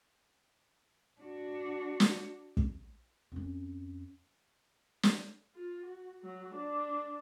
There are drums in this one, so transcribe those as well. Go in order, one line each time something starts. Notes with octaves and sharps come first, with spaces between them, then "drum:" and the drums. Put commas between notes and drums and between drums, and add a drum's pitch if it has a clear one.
D4 F#4
drum: snare
drum: kick
F2 C#4
drum: snare
F4
F#4
F#3 F#4
D4 D6